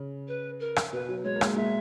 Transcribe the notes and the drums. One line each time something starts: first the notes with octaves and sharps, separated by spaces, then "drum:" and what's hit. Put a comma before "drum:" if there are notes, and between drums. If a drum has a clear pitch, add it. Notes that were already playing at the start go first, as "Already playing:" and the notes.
Already playing: C#3
B4
A#4
drum: rim click
B2 B4
F#3
G#3 C#5
A#3
G#3, drum: rim click
A#3
G#3 E5